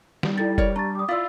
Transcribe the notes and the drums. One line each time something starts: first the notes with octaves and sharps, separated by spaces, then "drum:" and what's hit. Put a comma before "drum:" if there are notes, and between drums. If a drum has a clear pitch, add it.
G3, drum: snare
D#4 E4 A4 A6
A#4 C#5 D5, drum: kick F1
D4 A#5 C#6 A6
D6 D#6
E4 F4 D5 E6 A6